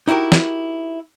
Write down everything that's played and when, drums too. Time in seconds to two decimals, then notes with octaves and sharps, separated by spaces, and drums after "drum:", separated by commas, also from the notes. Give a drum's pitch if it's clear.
0.08 D#4 E4 F#4 G4 A#4
0.32 drum: snare